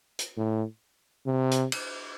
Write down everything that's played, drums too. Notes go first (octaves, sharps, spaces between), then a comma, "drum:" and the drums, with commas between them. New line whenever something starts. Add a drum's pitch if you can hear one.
drum: hi-hat
A2
C3
drum: hi-hat
drum: cymbal